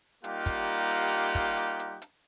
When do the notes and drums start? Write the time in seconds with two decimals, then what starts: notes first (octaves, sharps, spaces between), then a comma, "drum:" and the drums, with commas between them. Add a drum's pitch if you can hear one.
0.24 G3 A#3 D#4 F4 G4 F#5, drum: hi-hat
0.46 drum: kick, hi-hat
0.91 drum: hi-hat
1.13 drum: hi-hat
1.35 drum: kick, hi-hat
1.57 drum: hi-hat
1.79 drum: hi-hat
2.02 drum: hi-hat